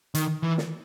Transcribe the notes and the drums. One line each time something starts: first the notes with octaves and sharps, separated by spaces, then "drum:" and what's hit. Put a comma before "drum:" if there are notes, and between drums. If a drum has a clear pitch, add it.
D#3, drum: hi-hat
E3
drum: snare